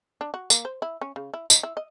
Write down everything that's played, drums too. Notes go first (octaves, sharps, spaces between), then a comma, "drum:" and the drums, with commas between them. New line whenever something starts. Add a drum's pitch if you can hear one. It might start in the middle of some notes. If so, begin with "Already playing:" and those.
D4
F#4
A#3, drum: tambourine
C5
E4
C#4
C#3
E4
D#4, drum: tambourine
E4
D#5